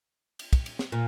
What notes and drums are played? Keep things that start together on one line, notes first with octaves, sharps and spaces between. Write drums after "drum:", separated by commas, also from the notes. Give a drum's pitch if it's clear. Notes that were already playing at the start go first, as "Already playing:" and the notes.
drum: cymbal
drum: kick, cymbal
drum: cymbal
drum: snare
A#2